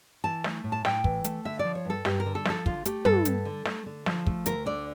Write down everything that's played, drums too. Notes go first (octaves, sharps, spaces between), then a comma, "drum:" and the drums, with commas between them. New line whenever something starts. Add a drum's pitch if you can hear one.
E3 A5
A3, drum: snare
A2
A5
A2 G5, drum: snare
E3, drum: kick
A3, drum: hi-hat
D3 E5
D5
F3
C#5
G2 A4
G2 G4, drum: snare
A#4
D3
A4
F3 A4, drum: snare
D3 F4, drum: kick
A3 G4, drum: hi-hat
G2 A4, drum: tom
G2, drum: hi-hat
D3
A3, drum: snare
D3
F3, drum: snare
A3, drum: kick
D2 A#4, drum: hi-hat
D3 D5